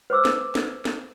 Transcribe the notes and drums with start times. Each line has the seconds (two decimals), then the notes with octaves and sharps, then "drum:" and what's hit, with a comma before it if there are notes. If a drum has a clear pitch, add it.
0.10 B4 C5 D6 E6
0.25 drum: snare
0.55 drum: snare
0.85 drum: snare